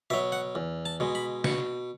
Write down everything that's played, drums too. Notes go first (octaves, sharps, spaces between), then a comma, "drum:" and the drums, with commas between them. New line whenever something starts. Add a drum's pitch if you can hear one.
B2 F#3 E5
F#5
E2
A5
B2 G#3
B5
B2 C#6, drum: snare